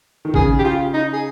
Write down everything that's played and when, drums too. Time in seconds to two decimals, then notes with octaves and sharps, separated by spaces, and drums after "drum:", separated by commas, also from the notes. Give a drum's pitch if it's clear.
0.25 D#3
0.34 C#3 G#4, drum: kick G#1
0.59 G4
0.64 F4
0.94 D#4
1.13 G#4